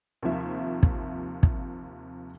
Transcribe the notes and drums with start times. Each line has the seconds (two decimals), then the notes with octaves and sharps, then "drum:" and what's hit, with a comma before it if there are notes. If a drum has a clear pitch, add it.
0.22 D#2 C3 F3 E5
0.83 drum: kick
1.43 drum: kick